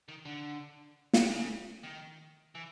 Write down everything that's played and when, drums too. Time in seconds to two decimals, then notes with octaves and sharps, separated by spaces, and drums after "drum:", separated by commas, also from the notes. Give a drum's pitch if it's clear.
0.08 D#3
0.25 D3
1.13 drum: snare
1.23 C3
1.31 C#3
1.84 D#3
2.55 E3